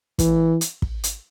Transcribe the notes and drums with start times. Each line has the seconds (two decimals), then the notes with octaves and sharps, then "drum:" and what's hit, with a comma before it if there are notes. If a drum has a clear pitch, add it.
0.19 E3, drum: kick, hi-hat
0.61 drum: hi-hat
0.82 drum: kick
1.04 drum: hi-hat